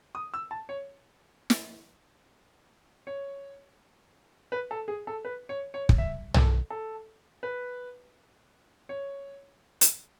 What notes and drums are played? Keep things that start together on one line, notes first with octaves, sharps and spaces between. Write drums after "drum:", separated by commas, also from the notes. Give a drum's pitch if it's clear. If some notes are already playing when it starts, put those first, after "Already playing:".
D#6
E6
A5
C#5
drum: snare
C#5
B4
A4
G#4
A4
B4
C#5
C#5
drum: kick
E5
A4, drum: tom B1
A4
B4
C#5
drum: hi-hat